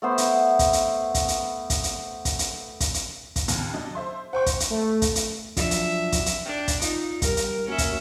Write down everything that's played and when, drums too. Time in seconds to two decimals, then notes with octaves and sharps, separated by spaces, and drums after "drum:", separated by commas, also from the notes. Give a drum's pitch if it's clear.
0.02 A3 B3 C5
0.18 drum: hi-hat
0.59 drum: kick, hi-hat
0.73 drum: hi-hat
1.14 drum: kick, hi-hat
1.28 drum: hi-hat
1.70 drum: kick, hi-hat
1.84 drum: hi-hat
2.25 drum: kick, hi-hat
2.39 drum: hi-hat
2.80 drum: kick, hi-hat
2.94 drum: hi-hat
3.36 drum: kick, hi-hat
3.48 D#2 C#3, drum: hi-hat
3.74 F#3 D4 D#5
3.95 C5 E5 C6
4.33 C5 F#5 G5 C#6
4.46 drum: kick, hi-hat
4.60 drum: hi-hat
4.70 A3
5.02 drum: kick, hi-hat
5.16 drum: hi-hat
5.57 F3 F#3 D4 E5, drum: kick, hi-hat
5.71 drum: hi-hat
6.12 drum: kick, hi-hat
6.26 drum: hi-hat
6.46 D4 G5
6.68 drum: kick, hi-hat
6.81 D#4 F4, drum: hi-hat
7.22 G3 A#4, drum: kick, hi-hat
7.37 drum: hi-hat
7.68 A#3 C#4 F#4 E5
7.78 drum: kick, hi-hat